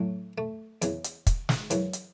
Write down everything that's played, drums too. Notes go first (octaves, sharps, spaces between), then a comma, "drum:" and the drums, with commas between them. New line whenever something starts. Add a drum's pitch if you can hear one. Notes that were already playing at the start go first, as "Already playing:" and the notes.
Already playing: A2 F#3 A3
A3
E2 C#3 E3, drum: hi-hat
drum: hi-hat
drum: kick, hi-hat
drum: snare
F#2 C#3 E3, drum: hi-hat
drum: hi-hat